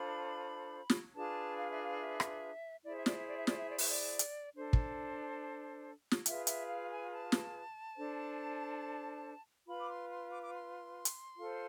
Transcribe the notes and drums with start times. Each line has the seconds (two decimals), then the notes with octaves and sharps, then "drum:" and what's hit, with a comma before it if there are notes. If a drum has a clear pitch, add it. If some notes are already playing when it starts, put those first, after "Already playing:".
Already playing: D4 F4 A4 C5 B5
0.90 drum: snare
1.14 D4 F4 G#4 B4 A5
1.58 F5
1.70 E5
1.82 F5
2.00 E5
2.20 drum: rim click
2.84 E4 G#4 C5 D5
2.95 E5
3.06 D5, drum: snare
3.16 E5
3.27 D5
3.37 E5
3.47 D5, drum: snare
3.58 E5
3.69 D5
3.78 E5, drum: open hi-hat
3.90 D5
4.19 drum: hi-hat
4.55 D4 A4 C5
4.73 drum: kick
6.11 drum: snare
6.26 F4 G#4 B4 E5, drum: hi-hat
6.47 E5, drum: hi-hat
6.68 F5
6.91 G#5
7.12 A5
7.32 drum: snare
7.97 D4 A4 C5
9.67 F4 B4 B5
9.79 D6
9.88 C6
10.09 C6
10.30 D6
10.43 D6
10.53 C6
11.05 drum: hi-hat
11.37 F4 A4 C5